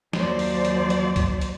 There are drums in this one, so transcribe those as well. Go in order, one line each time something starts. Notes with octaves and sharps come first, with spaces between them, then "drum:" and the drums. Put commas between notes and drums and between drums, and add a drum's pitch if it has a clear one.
D#2 F3 F#3 C5 D5, drum: snare
drum: open hi-hat
drum: hi-hat
drum: hi-hat
drum: kick C#2, hi-hat
drum: hi-hat